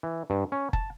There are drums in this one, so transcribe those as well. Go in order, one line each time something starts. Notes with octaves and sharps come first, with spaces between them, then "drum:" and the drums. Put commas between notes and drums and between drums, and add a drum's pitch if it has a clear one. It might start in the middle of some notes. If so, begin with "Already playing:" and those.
E3
G2
C#4
A5, drum: kick